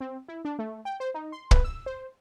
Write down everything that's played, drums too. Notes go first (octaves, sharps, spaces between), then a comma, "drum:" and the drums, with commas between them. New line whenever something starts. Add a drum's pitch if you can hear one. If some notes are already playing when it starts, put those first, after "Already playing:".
C4
E4
D4
A3
G5
C5
D#4
C6
B4, drum: kick
E6
C5